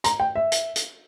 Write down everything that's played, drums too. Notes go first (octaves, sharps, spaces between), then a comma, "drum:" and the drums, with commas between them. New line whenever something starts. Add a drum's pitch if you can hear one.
A#5, drum: hi-hat
G5
E5
drum: hi-hat
drum: hi-hat